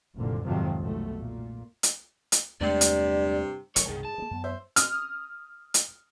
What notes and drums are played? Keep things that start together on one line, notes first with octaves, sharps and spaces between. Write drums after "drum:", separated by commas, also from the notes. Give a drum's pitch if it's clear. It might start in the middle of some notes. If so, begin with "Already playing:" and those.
F#1 C2 A#2 D3
F2 G#2 C3 D#3 F3 F#3
B1 A3
A#2
drum: hi-hat
drum: hi-hat
E2 G2 C3 G#3 A3 D5
drum: hi-hat
E1 F3 G#3 A#4 C#5, drum: hi-hat
C2 G2 B2 D#3 G#4
G2 A5
D#3 A#3
F#2 B3
C5 E5
D#6 F6, drum: hi-hat
drum: hi-hat